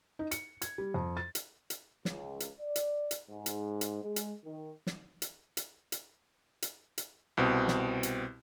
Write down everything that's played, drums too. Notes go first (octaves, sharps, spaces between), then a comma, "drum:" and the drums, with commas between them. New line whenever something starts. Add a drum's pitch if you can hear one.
D#4
C#7, drum: hi-hat
G#6, drum: hi-hat
G3
F2
A6
drum: hi-hat
drum: hi-hat
C#2, drum: snare
drum: hi-hat
D5
drum: hi-hat
drum: hi-hat
G#2
drum: hi-hat
drum: hi-hat
G#3
drum: hi-hat
D#3
drum: snare
drum: hi-hat
drum: hi-hat
drum: hi-hat
drum: hi-hat
drum: hi-hat
C2 B2 C4
drum: snare
drum: hi-hat